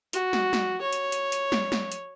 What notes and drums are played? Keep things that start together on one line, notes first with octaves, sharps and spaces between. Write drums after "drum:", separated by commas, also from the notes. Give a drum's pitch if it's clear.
F#4, drum: hi-hat
drum: snare
drum: snare
C#5
drum: hi-hat
drum: hi-hat
drum: hi-hat
drum: snare
drum: snare
drum: hi-hat